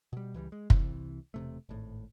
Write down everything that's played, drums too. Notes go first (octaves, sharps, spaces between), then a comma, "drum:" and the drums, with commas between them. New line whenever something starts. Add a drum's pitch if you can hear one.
B2 G3
C#2 E3 F3 G3
G#3
C2 C3 E3, drum: kick
E1 C3 A3
G#1 A2